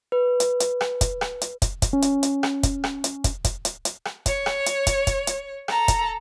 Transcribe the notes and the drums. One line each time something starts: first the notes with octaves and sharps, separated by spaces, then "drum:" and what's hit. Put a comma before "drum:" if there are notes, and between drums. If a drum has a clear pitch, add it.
B4
drum: hi-hat
drum: hi-hat
drum: rim click
drum: kick, hi-hat
drum: rim click
drum: hi-hat
drum: kick, hi-hat
drum: kick, hi-hat
C#4
drum: hi-hat
drum: hi-hat
drum: rim click
drum: kick, hi-hat
drum: rim click
drum: hi-hat
drum: kick, hi-hat
drum: kick, hi-hat
drum: hi-hat
drum: hi-hat
drum: rim click
C#5, drum: kick, hi-hat
drum: rim click
drum: hi-hat
drum: kick, hi-hat
drum: kick, hi-hat
drum: hi-hat
A4 A#5, drum: rim click
drum: kick, hi-hat